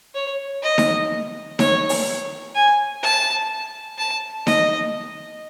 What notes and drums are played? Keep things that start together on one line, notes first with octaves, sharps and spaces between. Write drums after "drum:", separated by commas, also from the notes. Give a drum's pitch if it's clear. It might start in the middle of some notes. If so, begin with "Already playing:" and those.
C#5
D#5
drum: snare D#4
C#5, drum: snare D#4
drum: open hi-hat
G#5
A5
A5
D#5, drum: snare D#4